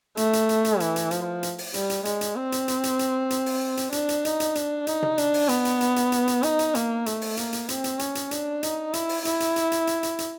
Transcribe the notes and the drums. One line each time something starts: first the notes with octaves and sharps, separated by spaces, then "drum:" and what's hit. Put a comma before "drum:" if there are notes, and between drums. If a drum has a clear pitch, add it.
A3, drum: hi-hat
drum: hi-hat
drum: hi-hat
drum: hi-hat
E3, drum: hi-hat
drum: hi-hat
F3, drum: hi-hat
drum: hi-hat
drum: open hi-hat
G3, drum: hi-hat
drum: hi-hat
G#3, drum: hi-hat
drum: hi-hat
C4
drum: hi-hat
drum: hi-hat
drum: hi-hat
drum: hi-hat
drum: hi-hat
drum: open hi-hat
drum: hi-hat
D4, drum: hi-hat
drum: hi-hat
D#4, drum: hi-hat
drum: hi-hat
D4, drum: hi-hat
D#4, drum: hi-hat
drum: tom
D4, drum: hi-hat
drum: open hi-hat
B3, drum: hi-hat
drum: hi-hat
drum: hi-hat
drum: hi-hat
drum: hi-hat
drum: hi-hat
D#4, drum: hi-hat
drum: hi-hat
A#3, drum: hi-hat
A3, drum: hi-hat
drum: open hi-hat
A#3, drum: hi-hat
drum: hi-hat
C4, drum: hi-hat
drum: hi-hat
C#4, drum: hi-hat
drum: hi-hat
D4, drum: hi-hat
D#4, drum: hi-hat
E4, drum: hi-hat
drum: open hi-hat
E4, drum: hi-hat
drum: hi-hat
drum: hi-hat
drum: hi-hat
drum: hi-hat
drum: hi-hat
drum: hi-hat